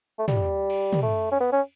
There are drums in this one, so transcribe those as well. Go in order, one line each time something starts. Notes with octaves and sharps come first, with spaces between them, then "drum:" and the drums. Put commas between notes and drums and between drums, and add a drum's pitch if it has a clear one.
A3
G3, drum: tom
drum: cymbal
drum: tom
A3
C#4
B3
C#4